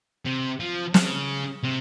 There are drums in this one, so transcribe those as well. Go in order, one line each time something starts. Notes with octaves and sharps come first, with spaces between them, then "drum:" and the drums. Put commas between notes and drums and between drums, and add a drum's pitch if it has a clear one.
C3
F3
C#3, drum: snare
C3